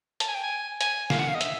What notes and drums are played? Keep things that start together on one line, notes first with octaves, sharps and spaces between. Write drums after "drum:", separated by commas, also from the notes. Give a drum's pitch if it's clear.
A5, drum: hi-hat
G#5
G5
G#5
G#5, drum: hi-hat
F5, drum: snare
F#5
F5
D#5
E5, drum: hi-hat